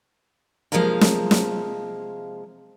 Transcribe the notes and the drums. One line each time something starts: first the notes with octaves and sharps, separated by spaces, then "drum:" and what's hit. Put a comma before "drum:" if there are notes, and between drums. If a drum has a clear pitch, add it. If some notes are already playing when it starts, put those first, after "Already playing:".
C3 F3 G#3 A#3 F5 A#5
drum: snare
drum: snare